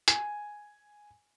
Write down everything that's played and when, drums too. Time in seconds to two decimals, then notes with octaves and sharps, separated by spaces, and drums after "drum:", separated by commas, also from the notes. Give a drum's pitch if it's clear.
0.08 G#5, drum: hi-hat